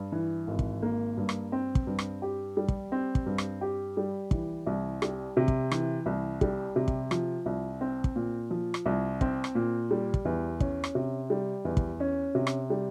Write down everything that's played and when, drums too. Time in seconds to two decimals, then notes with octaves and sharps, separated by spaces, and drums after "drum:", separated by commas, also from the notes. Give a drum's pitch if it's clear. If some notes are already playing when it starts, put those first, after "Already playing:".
Already playing: G2
0.12 E3
0.47 G#1
0.59 drum: kick
0.83 A#3
1.17 G2
1.29 drum: rim click
1.52 C4
1.75 drum: kick
1.87 G2
1.99 drum: rim click
2.22 G4
2.57 G3
2.68 drum: kick
2.92 C4
3.15 drum: kick
3.26 G2
3.38 drum: rim click
3.61 G4
3.97 G3
4.31 E3, drum: kick
4.67 C2
5.02 G3, drum: rim click
5.37 C3
5.48 drum: kick
5.71 E3, drum: rim click
6.06 C2
6.41 G3, drum: kick
6.76 C3
6.88 drum: kick
7.11 F3, drum: rim click
7.46 C2
7.81 C4
8.04 drum: kick
8.16 A#2
8.51 F3
8.74 drum: rim click
8.86 C2
9.21 C4, drum: kick
9.44 drum: rim click
9.55 A#2
9.91 G3
10.14 drum: kick
10.25 E2
10.60 C#4, drum: kick
10.84 drum: rim click
10.95 C3
11.30 G3
11.65 E2
11.77 drum: kick
12.00 C#4
12.35 C3
12.47 drum: rim click
12.70 G3